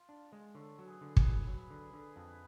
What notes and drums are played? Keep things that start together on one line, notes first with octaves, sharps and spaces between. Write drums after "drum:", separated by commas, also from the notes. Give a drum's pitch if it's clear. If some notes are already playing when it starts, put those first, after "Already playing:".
Already playing: F4
D4
G#3
D3 A4 C#5
F#3
G#4 B4
D3
G#4 B4, drum: kick
F#3
F#3 G#4 B4
D3
D3
F2